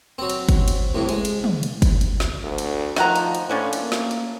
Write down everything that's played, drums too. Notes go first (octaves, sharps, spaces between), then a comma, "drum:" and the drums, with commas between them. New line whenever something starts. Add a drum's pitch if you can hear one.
F#3 C4
drum: cymbal
drum: kick, cymbal
drum: cymbal
A1 F2 A2
G#3, drum: cymbal
drum: cymbal
drum: tom
drum: cymbal
drum: kick, cymbal
drum: cymbal
drum: snare
D2
drum: cymbal
D#3 F3 F#5 A#5, drum: snare
drum: cymbal
drum: cymbal
A2 F3 C#4 D4
drum: cymbal
A#3
drum: snare
drum: cymbal